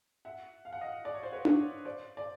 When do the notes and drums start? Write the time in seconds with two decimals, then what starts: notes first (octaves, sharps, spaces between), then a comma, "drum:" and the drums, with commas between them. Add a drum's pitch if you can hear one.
0.25 E5 F#5
0.65 F5
0.73 F#5
0.80 D#5 F5
1.05 D5
1.14 C#5
1.23 C5
1.33 B4 C#5
1.45 B4 C#5, drum: tom D4
1.85 C5 D5
2.17 D5